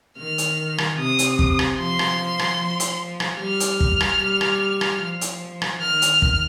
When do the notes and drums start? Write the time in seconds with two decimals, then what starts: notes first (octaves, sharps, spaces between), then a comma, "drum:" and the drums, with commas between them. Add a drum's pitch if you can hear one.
0.18 D#3 F6
0.38 drum: hi-hat
0.78 drum: rim click
0.99 C3 D#6
1.19 drum: hi-hat
1.39 drum: kick
1.59 drum: rim click
1.78 F3 C6
1.99 drum: rim click
2.39 drum: rim click
2.60 F3
2.80 drum: hi-hat
3.20 drum: rim click
3.40 G3 F6
3.60 drum: hi-hat
3.80 drum: kick
4.01 drum: rim click
4.20 G3
4.41 drum: rim click
4.81 drum: rim click
5.01 F3
5.21 drum: hi-hat
5.62 drum: rim click
5.82 D#3 F6
6.02 drum: hi-hat
6.22 drum: kick